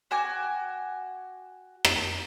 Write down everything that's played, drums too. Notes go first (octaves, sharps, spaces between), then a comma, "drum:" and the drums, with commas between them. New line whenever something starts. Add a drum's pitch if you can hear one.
F#4 G5 G#5 D6
drum: rim click